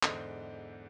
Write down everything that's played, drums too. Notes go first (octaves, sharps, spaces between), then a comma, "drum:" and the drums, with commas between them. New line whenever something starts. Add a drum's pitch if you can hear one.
E2 G#2 D3 C5 D#5, drum: clap